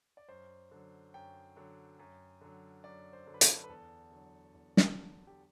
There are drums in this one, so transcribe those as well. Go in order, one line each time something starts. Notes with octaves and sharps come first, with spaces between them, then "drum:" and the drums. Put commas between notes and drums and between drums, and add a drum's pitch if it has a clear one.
D5
F#2 C5
D3 F#3
F#2 G5
D3 F#3
F#2
D3 F#3
F#2 D5
C5
D3 F#3
B4
A4, drum: hi-hat
B4
E2 A4
D3 F#3
E2
drum: snare
D3 F#3
G4